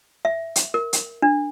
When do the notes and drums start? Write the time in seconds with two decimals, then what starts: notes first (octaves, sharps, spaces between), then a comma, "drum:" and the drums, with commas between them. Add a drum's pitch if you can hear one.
0.25 E5
0.56 drum: hi-hat
0.74 A#4
0.93 drum: hi-hat
1.22 D4